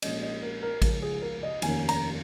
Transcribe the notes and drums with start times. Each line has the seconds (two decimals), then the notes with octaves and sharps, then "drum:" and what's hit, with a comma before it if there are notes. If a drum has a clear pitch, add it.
0.02 A#1 A#2 G#3 C#4 D#5, drum: cymbal
0.23 D#5
0.43 A#4
0.63 A#4
0.82 C#2 C#3 F3 A#4, drum: kick A1, cymbal
1.02 G#4
1.22 A#4
1.43 D#5
1.62 F1 D#2 D#3 A#3 C#4 G#5, drum: cymbal
1.89 A#5, drum: cymbal